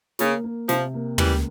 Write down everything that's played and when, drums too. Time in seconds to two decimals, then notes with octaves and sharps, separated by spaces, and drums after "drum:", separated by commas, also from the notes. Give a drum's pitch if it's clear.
0.19 C#3 A#3, drum: snare
0.44 A#3
0.69 C3 F3, drum: snare
0.94 A#3
1.18 C#2 E3 G3, drum: tom